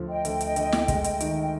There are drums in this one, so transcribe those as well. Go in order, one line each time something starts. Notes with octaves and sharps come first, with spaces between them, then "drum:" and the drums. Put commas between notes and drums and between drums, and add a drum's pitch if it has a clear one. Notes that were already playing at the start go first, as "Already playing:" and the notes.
Already playing: D2 F3
D#5 G5
D2, drum: hi-hat
drum: hi-hat
D2, drum: hi-hat
drum: snare
G#3, drum: kick, hi-hat
drum: hi-hat
D#3, drum: hi-hat
G5